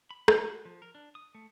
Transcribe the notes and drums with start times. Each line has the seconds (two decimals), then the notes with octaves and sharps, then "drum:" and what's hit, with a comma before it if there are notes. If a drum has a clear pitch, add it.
0.10 B5
0.28 B3, drum: rim click
0.45 F#4
0.65 F3
0.82 A#4
0.95 D4
1.15 D#6
1.35 A3